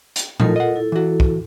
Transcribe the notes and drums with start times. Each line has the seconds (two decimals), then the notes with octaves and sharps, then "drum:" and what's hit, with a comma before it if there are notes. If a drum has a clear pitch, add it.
0.16 drum: hi-hat
0.40 A2 F3 D#4 F4 A4 A#4, drum: tom A#2
0.56 D#5 F#5
0.76 E4 A4
0.92 E3 F#4
1.20 drum: kick